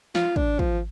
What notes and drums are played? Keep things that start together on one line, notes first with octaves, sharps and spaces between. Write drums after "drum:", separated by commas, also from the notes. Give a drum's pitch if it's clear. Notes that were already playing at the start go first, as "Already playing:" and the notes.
F4, drum: snare
D4, drum: kick
F3, drum: kick